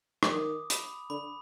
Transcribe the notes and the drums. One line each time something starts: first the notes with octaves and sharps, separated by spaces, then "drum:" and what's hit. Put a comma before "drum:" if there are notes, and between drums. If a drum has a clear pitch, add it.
D3 D6, drum: rim click
D#3 D#6
B5, drum: hi-hat
D3 B5